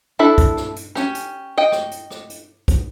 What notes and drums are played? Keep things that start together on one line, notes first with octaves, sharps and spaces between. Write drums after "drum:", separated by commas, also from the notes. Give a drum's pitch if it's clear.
D4 E4 A4 E5
drum: kick, hi-hat
drum: rim click
drum: hi-hat
C#4 G4, drum: rim click
drum: hi-hat
D#5 G5
drum: rim click
drum: hi-hat
drum: rim click
drum: hi-hat
drum: kick, hi-hat